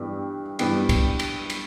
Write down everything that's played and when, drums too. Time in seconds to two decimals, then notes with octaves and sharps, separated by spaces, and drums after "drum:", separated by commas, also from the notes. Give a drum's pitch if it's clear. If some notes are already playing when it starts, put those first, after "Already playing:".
Already playing: G2 E3 B3 G4
0.59 G2 E3 B3 G4, drum: cymbal
0.89 drum: kick, cymbal
1.19 drum: cymbal
1.50 drum: cymbal